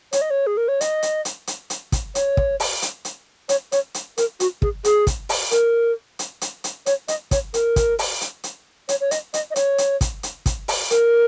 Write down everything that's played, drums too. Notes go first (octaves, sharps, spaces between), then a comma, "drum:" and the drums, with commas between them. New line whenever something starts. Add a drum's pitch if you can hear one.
C#5, drum: hi-hat
D#5
C#5
G#4
A#4
C#5
D#5, drum: hi-hat
drum: hi-hat
drum: hi-hat
drum: hi-hat
drum: hi-hat
drum: kick, hi-hat
C#5, drum: hi-hat
drum: kick
drum: open hi-hat
drum: hi-hat
drum: hi-hat
C#5, drum: hi-hat
C#5, drum: hi-hat
drum: hi-hat
A#4, drum: hi-hat
F#4, drum: hi-hat
G#4, drum: kick
G#4, drum: hi-hat
drum: kick, hi-hat
drum: open hi-hat
A#4, drum: hi-hat
drum: hi-hat
drum: hi-hat
drum: hi-hat
C#5, drum: hi-hat
D#5, drum: hi-hat
C#5, drum: kick, hi-hat
A#4, drum: hi-hat
drum: kick, hi-hat
drum: open hi-hat
drum: hi-hat
drum: hi-hat
C#5, drum: hi-hat
C#5
D#5, drum: hi-hat
D#5, drum: hi-hat
D#5
C#5, drum: hi-hat
drum: hi-hat
drum: kick, hi-hat
drum: hi-hat
drum: kick, hi-hat
drum: open hi-hat
A#4, drum: hi-hat